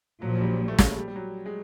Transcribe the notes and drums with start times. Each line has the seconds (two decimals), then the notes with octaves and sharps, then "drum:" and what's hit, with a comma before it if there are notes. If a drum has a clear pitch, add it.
0.22 A#1 A#2 F3 F#3
0.35 F#3
0.41 G3
0.68 A3
0.79 G#3, drum: snare
0.97 G3
1.08 G3
1.16 F#3
1.46 G#3